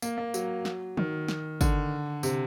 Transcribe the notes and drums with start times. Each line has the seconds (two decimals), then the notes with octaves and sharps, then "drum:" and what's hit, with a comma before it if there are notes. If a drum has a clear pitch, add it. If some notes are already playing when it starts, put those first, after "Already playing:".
0.02 A#3, drum: tambourine
0.18 A#3
0.34 F#3, drum: tambourine
0.65 drum: snare
0.97 D#3, drum: tom
1.28 drum: snare
1.61 D3, drum: kick, tambourine
2.23 C3, drum: tambourine